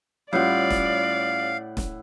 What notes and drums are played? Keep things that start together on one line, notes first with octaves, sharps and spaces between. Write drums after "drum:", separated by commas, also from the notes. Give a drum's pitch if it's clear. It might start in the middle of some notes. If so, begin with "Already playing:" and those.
A2 G3 C#4 F4 D5 F5 F#5
drum: snare
drum: snare